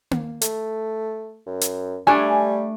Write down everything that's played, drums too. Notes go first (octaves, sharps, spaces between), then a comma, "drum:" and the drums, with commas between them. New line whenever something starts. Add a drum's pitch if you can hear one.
drum: tom A#3
A3, drum: hi-hat
F#2
drum: hi-hat
G3 A3 D4 G#5